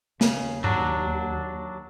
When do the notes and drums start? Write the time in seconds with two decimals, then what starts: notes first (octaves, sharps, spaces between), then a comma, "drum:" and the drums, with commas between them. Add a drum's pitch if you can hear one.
0.21 D#2 C#3, drum: snare
0.64 F#3 D4, drum: tom G2